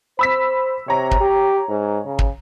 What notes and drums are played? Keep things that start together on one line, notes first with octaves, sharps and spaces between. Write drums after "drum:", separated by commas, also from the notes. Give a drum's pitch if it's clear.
C5 B5 E6 B6
C3 C#5 A#5
drum: kick
G4
G#2
C#3
drum: kick